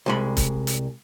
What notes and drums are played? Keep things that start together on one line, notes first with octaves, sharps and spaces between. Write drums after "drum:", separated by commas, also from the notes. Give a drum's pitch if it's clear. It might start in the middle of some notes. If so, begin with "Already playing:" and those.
C2 G#3 B5
drum: kick, hi-hat
drum: hi-hat